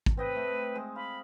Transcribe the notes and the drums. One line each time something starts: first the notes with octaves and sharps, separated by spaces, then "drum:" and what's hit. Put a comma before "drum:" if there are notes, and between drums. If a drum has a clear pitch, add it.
drum: kick
C4 B4 D#5 G5
A3
G#3 C5
F5 B5